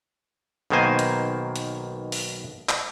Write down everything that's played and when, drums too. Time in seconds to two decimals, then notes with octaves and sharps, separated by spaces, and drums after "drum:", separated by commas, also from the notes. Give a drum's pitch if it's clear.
0.70 B1 B2 D#3 A#3 C5 G#5
0.99 drum: hi-hat
1.56 drum: hi-hat
2.12 drum: open hi-hat
2.69 drum: clap